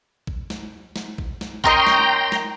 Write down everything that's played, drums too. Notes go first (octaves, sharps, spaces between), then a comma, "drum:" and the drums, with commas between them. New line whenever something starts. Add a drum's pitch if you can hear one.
drum: kick
drum: snare
drum: snare
drum: kick
drum: snare
C#4 A#4 D#5 G5 A#5 C6, drum: kick
drum: snare
drum: snare